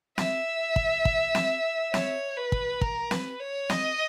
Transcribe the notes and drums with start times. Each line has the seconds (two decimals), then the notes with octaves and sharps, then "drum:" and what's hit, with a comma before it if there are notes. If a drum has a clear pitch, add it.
0.18 E5, drum: snare
0.76 drum: kick
1.05 drum: kick
1.35 drum: snare
1.94 C#5, drum: snare
2.37 B4
2.52 drum: kick
2.81 A#4, drum: kick
3.11 B4, drum: snare
3.40 C#5
3.70 D#5, drum: snare